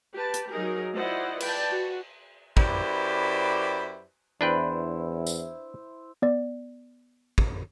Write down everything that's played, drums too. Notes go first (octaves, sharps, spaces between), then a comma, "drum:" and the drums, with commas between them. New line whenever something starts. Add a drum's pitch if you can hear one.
G4 B4 A5
drum: hi-hat
F#3 D#4 G#4 A#4
E4 F4 C5 D5 D#5 F#5
B4 D5 G5 A5, drum: cymbal
F#4
F#2 E4 G4 B4 C5 D5, drum: kick
E2 D4 E4 B4 C5 G5
drum: tambourine
B3 D5
drum: kick